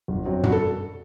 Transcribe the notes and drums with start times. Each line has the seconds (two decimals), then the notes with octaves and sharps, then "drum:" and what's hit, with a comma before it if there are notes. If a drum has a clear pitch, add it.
0.08 G1
0.26 F#2 F#3 C4
0.43 G2 F#4, drum: tom
0.52 A4